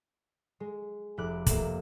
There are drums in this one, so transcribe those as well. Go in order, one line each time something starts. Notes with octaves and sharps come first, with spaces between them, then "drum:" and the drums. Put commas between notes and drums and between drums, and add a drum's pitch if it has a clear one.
G#3
F1 B5 D6 F#6
F1 A#3 E7, drum: kick, hi-hat